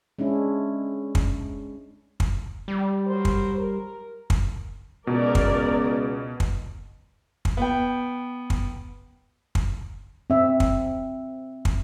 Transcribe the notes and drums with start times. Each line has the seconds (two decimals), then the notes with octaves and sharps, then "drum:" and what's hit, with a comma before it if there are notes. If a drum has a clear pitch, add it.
0.19 G#3 C#4 D4 E4
1.15 drum: kick
2.20 drum: kick
2.68 G3
3.07 F#3 A#4 C5
3.25 drum: kick
3.58 A#4
4.30 drum: kick
5.07 C#2 B2 A#4 D5
5.35 drum: kick
6.40 drum: kick
7.45 drum: kick
7.57 B3 G5
8.50 drum: kick
9.55 drum: kick
10.30 C4 E5
10.60 drum: kick
11.65 drum: kick